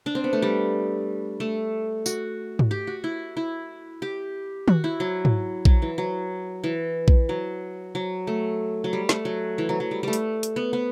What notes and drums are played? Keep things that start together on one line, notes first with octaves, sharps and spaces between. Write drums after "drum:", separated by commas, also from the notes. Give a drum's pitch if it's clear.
D4
C4
B3
A3
G3
A3
F#4, drum: tambourine
drum: tom G#2
G4
F#4
E4
E4
G4
F#4, drum: tom D#3
E4
F#3
drum: tom G#2
F#3, drum: kick A#1
E3
F#3
E3
drum: kick A#1
F#3
F#3
A3
F#3
G3
A3, drum: snare
F#3
E3
F#3
F#3
G3
G3 A3
drum: hi-hat
drum: hi-hat
B3
B3